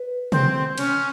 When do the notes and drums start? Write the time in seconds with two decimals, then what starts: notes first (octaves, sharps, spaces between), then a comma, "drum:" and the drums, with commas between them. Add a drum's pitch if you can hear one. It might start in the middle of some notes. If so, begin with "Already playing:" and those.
Already playing: B4
0.32 C4, drum: tom
0.78 C#4, drum: cymbal